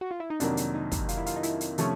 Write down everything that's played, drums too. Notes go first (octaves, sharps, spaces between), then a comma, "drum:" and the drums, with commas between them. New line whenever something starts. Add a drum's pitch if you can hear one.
F#4
F4
E4
D#4
F2 C3 D#3 F#3 A#3 D4, drum: hi-hat
drum: hi-hat
D#4
drum: kick, hi-hat
F4, drum: hi-hat
E4
F4, drum: hi-hat
D#4
E4, drum: hi-hat
drum: hi-hat
C3 F3 A3 C#4, drum: hi-hat